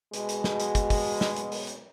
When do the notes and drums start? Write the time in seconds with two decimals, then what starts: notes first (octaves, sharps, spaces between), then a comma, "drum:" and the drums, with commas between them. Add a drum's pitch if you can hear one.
0.13 B2 G#3, drum: hi-hat
0.29 drum: hi-hat
0.44 drum: snare
0.60 drum: hi-hat
0.75 drum: kick, hi-hat
0.90 drum: kick, open hi-hat
1.21 drum: snare
1.36 drum: hi-hat
1.52 drum: open hi-hat
1.67 drum: hi-hat